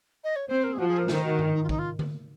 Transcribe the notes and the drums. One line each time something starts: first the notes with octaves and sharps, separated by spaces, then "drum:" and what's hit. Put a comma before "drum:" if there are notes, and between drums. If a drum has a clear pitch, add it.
D#5
C#5
C4 C5
A#4
G#4
F3 F#4
G#4
A#4
D#3 C5, drum: snare
F#4
drum: tom G2
D#4
F4
D#4, drum: kick
F4
drum: tom D3